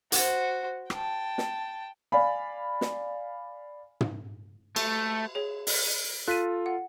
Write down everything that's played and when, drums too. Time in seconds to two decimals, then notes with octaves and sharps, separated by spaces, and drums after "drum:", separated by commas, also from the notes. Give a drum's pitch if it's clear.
0.12 F#4 C5, drum: hi-hat
0.90 G5 A5, drum: rim click
1.38 drum: snare
2.12 D5 F5 G#5 B5
2.81 drum: snare
4.01 drum: tom
4.76 A3, drum: cymbal
5.35 G#4 C#5
5.67 drum: open hi-hat
6.28 F4 A4 F#6 B6 D#7
6.66 F#5